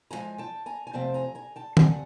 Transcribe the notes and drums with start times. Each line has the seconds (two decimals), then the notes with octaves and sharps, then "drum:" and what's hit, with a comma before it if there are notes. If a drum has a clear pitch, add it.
0.11 G#2 F3 G#3 G#5 A#5
0.38 G5 A5
0.66 G#5 A#5
0.87 G#5
0.93 F2 C3 F3 A3 C4 G5 A5
1.14 G#5 A#5
1.35 G#5 A#5
1.56 G5 A5
1.77 A#2 G3 C4 F#5 G#5, drum: tom